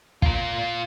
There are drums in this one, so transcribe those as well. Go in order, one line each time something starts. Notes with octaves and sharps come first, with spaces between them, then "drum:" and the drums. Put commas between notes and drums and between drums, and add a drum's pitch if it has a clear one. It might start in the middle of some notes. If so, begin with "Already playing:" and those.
A#2 F4, drum: kick